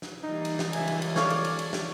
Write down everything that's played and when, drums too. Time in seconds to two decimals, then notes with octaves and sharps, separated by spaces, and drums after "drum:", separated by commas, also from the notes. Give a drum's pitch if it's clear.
0.02 drum: snare
0.23 E3 G3 A#3 D#4
0.45 drum: cymbal
0.59 drum: snare
0.73 C#2 E5 G#5, drum: cymbal
0.88 drum: cymbal
1.02 drum: cymbal
1.16 A4 C#5 D5 F5, drum: snare
1.30 drum: cymbal
1.44 drum: cymbal
1.59 drum: cymbal
1.73 drum: snare